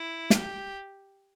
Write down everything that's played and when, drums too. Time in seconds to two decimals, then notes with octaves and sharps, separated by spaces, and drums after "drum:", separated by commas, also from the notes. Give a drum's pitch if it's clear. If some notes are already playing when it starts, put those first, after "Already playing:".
Already playing: E4
0.30 G4, drum: snare